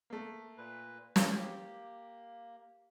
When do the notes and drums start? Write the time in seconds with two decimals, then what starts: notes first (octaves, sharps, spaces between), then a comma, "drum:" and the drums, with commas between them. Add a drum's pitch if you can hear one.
0.10 A3 A#3
0.58 A#2 B4
1.16 E3 C6, drum: snare
1.35 A#3 G4